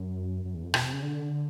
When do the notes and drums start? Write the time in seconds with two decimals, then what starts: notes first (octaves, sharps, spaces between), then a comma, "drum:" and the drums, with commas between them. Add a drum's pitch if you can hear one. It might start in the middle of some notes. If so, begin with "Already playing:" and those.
Already playing: F#2
0.45 F#2
0.55 E2
0.64 F2
0.74 B2, drum: rim click
0.83 C3
0.93 C#3
1.03 D3